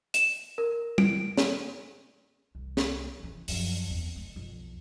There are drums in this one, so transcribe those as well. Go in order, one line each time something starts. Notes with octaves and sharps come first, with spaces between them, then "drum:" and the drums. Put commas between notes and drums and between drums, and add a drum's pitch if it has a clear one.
E7, drum: hi-hat
A#4
D7, drum: tom
drum: snare
C2
drum: snare
C#3 E3
F#2 F3, drum: open hi-hat
E2 C4
C3 G#3
B1 F2